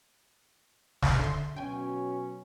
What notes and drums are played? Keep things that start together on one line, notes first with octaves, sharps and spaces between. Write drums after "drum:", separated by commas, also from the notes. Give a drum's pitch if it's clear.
drum: snare
D3 E5 C6
B2 F#3 C#4 G5 G#5